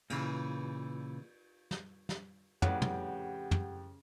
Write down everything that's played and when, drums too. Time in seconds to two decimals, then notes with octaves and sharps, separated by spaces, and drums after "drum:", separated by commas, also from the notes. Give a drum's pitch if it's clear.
0.10 A#2 C#3 E3, drum: cymbal
1.71 drum: snare
2.09 drum: snare
2.62 F2 A2 C#3 G4 B4 D5 F#5 G5, drum: tom
2.82 drum: tom
3.51 drum: tom